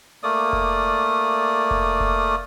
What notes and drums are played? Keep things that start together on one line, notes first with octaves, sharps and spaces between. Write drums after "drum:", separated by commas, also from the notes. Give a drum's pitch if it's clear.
A3 A#3 D5 D#6
drum: kick F1
drum: kick F1
drum: kick F1